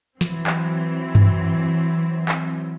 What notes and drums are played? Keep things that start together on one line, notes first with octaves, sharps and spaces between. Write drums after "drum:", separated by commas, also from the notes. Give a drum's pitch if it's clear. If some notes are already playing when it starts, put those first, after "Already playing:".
E3 F#3 C4, drum: snare
drum: clap
drum: tom G2
drum: clap